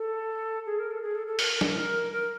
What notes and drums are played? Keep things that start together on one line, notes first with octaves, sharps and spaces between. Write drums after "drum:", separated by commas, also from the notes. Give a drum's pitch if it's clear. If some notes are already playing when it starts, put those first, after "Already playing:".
Already playing: A4
G#4
A#4
A4
G#4
A4
A4
A#4, drum: open hi-hat
drum: snare
A#4
A#4